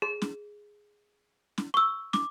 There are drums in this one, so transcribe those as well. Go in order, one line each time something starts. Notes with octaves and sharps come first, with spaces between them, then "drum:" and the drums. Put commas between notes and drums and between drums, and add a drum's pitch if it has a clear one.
G#4
drum: snare
drum: snare
C#6 E6
D6, drum: snare